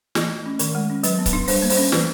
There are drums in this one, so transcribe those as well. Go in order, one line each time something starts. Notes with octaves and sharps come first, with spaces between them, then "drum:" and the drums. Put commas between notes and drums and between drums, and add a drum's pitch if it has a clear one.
E3 D#5, drum: snare
A3
C#4
D#3 A#4, drum: hi-hat
G#3
C#4
F#3 B4, drum: hi-hat
B3
B4, drum: kick C#1, hi-hat
D4
G3 C5, drum: open hi-hat
A#3
C5, drum: open hi-hat
C#4
E3 B4, drum: snare